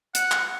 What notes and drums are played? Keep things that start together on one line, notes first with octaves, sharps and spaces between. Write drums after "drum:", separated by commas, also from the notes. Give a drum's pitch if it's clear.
F#5, drum: hi-hat
drum: clap